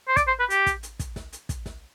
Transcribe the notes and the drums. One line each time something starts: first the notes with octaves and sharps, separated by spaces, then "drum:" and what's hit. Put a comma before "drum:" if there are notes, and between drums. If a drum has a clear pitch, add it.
C5
D5, drum: kick, hi-hat
C5
B4
G4, drum: hi-hat
drum: kick, hi-hat
drum: hi-hat
drum: kick, hi-hat
drum: snare
drum: hi-hat
drum: kick, hi-hat
drum: snare